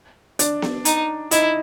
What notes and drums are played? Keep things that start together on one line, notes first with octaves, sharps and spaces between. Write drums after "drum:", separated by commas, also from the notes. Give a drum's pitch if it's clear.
D4, drum: hi-hat
drum: snare B3
D#4, drum: hi-hat
D#4 E4, drum: hi-hat